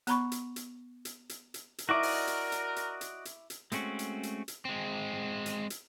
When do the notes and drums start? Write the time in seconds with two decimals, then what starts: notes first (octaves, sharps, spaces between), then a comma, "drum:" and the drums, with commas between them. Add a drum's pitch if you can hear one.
0.07 B3 A#5 B5 C#6, drum: hi-hat
0.32 drum: hi-hat
0.56 drum: hi-hat
1.05 drum: hi-hat
1.29 drum: hi-hat
1.54 drum: hi-hat
1.78 drum: hi-hat
1.89 E4 F#4 A#4 D5 D#5 C#6 D6
2.03 drum: open hi-hat
2.27 drum: hi-hat
2.52 drum: hi-hat
2.76 drum: hi-hat
3.01 drum: hi-hat
3.25 drum: hi-hat
3.50 drum: hi-hat
3.72 G#3 A3 C4 C#4 F#4, drum: hi-hat
3.99 drum: hi-hat
4.23 drum: hi-hat
4.48 drum: hi-hat
4.65 G#3 C4
5.46 drum: hi-hat
5.70 drum: hi-hat